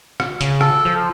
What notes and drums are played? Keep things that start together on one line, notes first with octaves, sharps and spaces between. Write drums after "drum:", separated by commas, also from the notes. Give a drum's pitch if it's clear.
drum: rim click
C#3, drum: hi-hat
A4, drum: rim click
F3